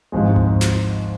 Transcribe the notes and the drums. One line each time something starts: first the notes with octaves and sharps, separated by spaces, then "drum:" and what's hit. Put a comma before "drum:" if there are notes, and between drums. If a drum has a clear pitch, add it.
G#1 G#2 F3 G#3
drum: tom D2
drum: snare